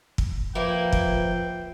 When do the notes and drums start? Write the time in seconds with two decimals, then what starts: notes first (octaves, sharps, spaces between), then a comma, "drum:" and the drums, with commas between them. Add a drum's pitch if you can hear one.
0.18 drum: kick
0.55 F3 A#3 E4 B4 G5
0.93 drum: kick